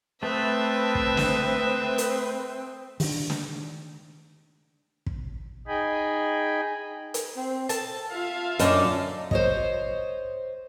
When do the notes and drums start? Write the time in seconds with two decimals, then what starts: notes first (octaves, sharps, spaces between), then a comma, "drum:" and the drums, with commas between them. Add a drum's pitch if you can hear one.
0.23 A3 C4 B4 E5 D#6
0.95 drum: kick
1.17 drum: snare
1.98 drum: hi-hat
3.00 D#3 D4, drum: open hi-hat
3.30 drum: snare
5.06 drum: kick
5.67 D#4 G#4 D#5 G5 G#5 B5
7.14 drum: hi-hat
7.37 C4
7.69 A4 A5, drum: hi-hat
8.09 F4 E5 F5
8.59 F#2 D3 D#4 A4 D5, drum: hi-hat
9.31 C5 C#5 D#5, drum: kick